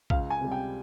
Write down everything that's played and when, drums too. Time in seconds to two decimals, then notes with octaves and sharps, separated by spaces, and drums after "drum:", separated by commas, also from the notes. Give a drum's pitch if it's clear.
0.10 C#2 F5, drum: kick A#1
0.30 G#5
0.41 C3 G3
0.52 G5